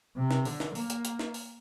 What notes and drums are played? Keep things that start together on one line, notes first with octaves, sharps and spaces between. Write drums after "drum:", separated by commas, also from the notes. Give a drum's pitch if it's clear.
C3
drum: snare
D3, drum: open hi-hat
drum: snare
A#3, drum: open hi-hat
drum: hi-hat
drum: hi-hat
drum: snare
drum: open hi-hat